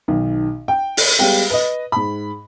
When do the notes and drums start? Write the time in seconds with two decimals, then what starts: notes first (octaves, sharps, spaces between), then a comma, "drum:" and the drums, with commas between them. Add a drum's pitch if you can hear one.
0.08 B1 D#3
0.68 G5
0.97 drum: open hi-hat
1.19 G3 G#3 B3 F5 G5
1.50 B4 D#5
1.92 G#2 B5